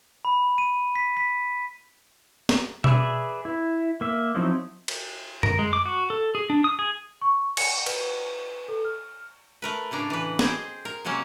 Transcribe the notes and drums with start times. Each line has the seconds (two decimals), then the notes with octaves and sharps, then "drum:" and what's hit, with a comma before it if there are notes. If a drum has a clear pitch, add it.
0.25 B5
0.58 D#7
0.96 B6
1.17 B6
2.49 drum: snare
2.84 G#4 B4 D5 E5, drum: tom B2
3.45 E4
4.01 A#3 E5
4.35 F3 F#3 C4 D#4 E4
4.88 drum: cymbal
5.43 A#4, drum: tom F#2
5.59 G#3
5.73 D6
5.86 F#4
6.10 A4
6.35 G#4
6.50 D4
6.64 D#6
6.79 G#4
7.21 C#6
7.57 C#7, drum: cymbal
7.86 B4, drum: cymbal
8.68 A4
8.85 F6
9.62 A3 A#4 B4
9.91 A2 C#3 D4 A#5
10.10 E3 B4
10.39 G#4 C5 D#5 G5, drum: snare
10.85 A#4
11.05 C3 F#3 G#3 A#3 C#4